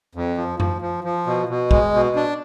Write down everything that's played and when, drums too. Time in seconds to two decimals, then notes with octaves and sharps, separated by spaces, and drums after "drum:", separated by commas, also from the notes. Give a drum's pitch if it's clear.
0.15 F2
0.38 F3
0.60 F3, drum: tom F#2
0.82 F3
1.04 F3
1.26 B2
1.49 B2
1.71 G#3, drum: kick
1.94 B2
2.16 D4